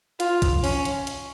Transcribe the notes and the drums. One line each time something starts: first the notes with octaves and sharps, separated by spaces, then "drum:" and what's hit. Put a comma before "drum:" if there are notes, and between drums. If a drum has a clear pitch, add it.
F4, drum: hi-hat
drum: kick B1, hi-hat
C#4, drum: open hi-hat
drum: hi-hat
drum: hi-hat